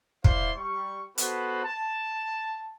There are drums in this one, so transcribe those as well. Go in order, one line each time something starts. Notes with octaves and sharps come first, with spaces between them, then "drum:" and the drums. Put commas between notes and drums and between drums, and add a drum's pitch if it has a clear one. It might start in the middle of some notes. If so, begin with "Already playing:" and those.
E4 C5 D5 E5 F5 C6, drum: kick
G3 C#6
B3 F#4 A4 C5 B5, drum: hi-hat
A5